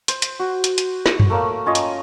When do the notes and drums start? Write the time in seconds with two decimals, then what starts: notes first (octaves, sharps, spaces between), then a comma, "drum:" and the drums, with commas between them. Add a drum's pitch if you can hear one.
0.08 C5, drum: hi-hat
0.22 drum: hi-hat
0.39 F#4
0.64 drum: hi-hat
0.78 drum: hi-hat
1.06 drum: snare
1.20 drum: tom F#2
1.30 A3 A#3 C#5 F5
1.66 C#4 F4 C#5 D#5
1.75 drum: hi-hat